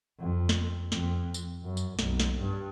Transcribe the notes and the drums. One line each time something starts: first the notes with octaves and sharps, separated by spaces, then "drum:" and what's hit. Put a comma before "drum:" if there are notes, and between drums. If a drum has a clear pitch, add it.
F2
drum: snare
F2, drum: snare
drum: tambourine
F#2
drum: tambourine
B1, drum: snare
drum: snare
G2